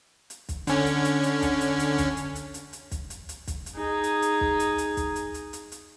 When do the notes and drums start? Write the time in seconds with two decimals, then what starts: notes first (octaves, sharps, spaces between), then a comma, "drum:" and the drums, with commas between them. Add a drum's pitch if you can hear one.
0.30 drum: hi-hat
0.49 drum: kick, hi-hat
0.67 D3 C#4, drum: hi-hat
0.86 drum: hi-hat
1.05 drum: hi-hat
1.23 drum: hi-hat
1.42 drum: kick, hi-hat
1.61 drum: hi-hat
1.79 drum: hi-hat
1.98 drum: kick, hi-hat
2.17 drum: hi-hat
2.35 drum: hi-hat
2.54 drum: hi-hat
2.73 drum: hi-hat
2.91 drum: kick, hi-hat
3.10 drum: hi-hat
3.29 drum: hi-hat
3.47 drum: kick, hi-hat
3.66 drum: hi-hat
3.75 D#4 G#4
4.04 drum: hi-hat
4.22 drum: hi-hat
4.41 drum: kick
4.60 drum: hi-hat
4.78 drum: hi-hat
4.97 drum: kick, hi-hat
5.16 drum: hi-hat
5.34 drum: hi-hat
5.53 drum: hi-hat
5.72 drum: hi-hat